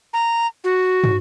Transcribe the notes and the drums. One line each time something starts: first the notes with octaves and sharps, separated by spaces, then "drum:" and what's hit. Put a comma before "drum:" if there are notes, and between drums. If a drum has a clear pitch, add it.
A#5
F#4
drum: tom